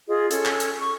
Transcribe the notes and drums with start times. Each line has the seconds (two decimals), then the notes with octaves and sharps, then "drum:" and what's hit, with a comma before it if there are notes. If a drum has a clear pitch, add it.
0.08 F4 G#4 D#5
0.31 C#4 A4 E6, drum: hi-hat
0.45 drum: clap
0.60 drum: hi-hat
0.80 C#6